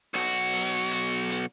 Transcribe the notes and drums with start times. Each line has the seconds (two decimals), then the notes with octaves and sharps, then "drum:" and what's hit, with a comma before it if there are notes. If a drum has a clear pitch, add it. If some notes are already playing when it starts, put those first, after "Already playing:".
0.14 B1 F#4
0.53 drum: open hi-hat
0.91 drum: hi-hat
1.30 drum: hi-hat